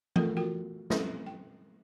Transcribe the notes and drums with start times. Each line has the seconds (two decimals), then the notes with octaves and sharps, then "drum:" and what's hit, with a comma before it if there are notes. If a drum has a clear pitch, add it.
0.16 A3 F4 A4 A#4, drum: tom E3
0.37 F4 F#4 A#4 G5
0.90 F#3 G#3 C4 C#4 A4, drum: snare
1.26 G5